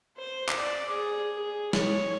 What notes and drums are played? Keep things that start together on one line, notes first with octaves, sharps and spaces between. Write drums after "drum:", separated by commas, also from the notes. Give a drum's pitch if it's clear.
C5
drum: clap
D5
G#4
G#4
C#5, drum: snare